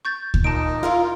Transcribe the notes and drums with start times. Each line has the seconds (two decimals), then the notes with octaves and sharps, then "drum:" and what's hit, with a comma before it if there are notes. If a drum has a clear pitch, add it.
0.05 C#6 G6 A6
0.34 drum: kick D2
0.44 A#2 D#4 D#5 A5 D7
0.83 E4 F4 A#4 F5